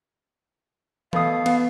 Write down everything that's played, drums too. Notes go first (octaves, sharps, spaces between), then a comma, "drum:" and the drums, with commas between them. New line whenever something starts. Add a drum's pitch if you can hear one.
B2 A3 F5 D#6, drum: tom E3
B3, drum: cymbal